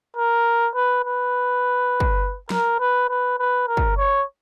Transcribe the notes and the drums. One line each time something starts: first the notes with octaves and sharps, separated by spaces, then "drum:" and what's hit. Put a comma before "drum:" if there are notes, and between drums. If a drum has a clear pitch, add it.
A#4
B4
B4
drum: kick
A#4, drum: snare
B4
B4
B4
A#4
drum: kick
C#5